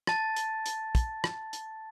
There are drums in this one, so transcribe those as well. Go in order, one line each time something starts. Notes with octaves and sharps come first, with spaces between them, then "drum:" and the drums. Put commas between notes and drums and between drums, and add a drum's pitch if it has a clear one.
A5 A6, drum: rim click
drum: hi-hat
drum: hi-hat
drum: kick, hi-hat
drum: rim click
drum: hi-hat